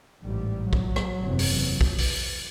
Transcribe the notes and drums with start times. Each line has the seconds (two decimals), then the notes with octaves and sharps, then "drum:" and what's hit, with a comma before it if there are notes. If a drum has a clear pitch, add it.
0.23 A1 G#2 G3
0.73 F#3, drum: kick
0.96 drum: rim click
1.22 F#1 E2 C3
1.39 drum: open hi-hat
1.81 drum: kick
1.98 drum: open hi-hat